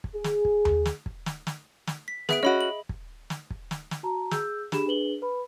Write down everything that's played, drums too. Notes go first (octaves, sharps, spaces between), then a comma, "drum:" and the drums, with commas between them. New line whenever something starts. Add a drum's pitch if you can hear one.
drum: kick
G#4
drum: snare
drum: kick
drum: tom D#2
drum: snare
drum: kick
drum: snare
drum: snare
drum: snare
B6
B3 G#4 E5 D7, drum: snare
C#4 F#4 D#5 B5 D7
F#7
drum: kick
drum: snare
drum: kick
drum: snare
drum: snare
F#4 A5 A#5
G#4 E6 G6, drum: snare
D4 G4 G#4 B5 E7, drum: snare
D4 G#4 B4 F#7 G7
B4 B5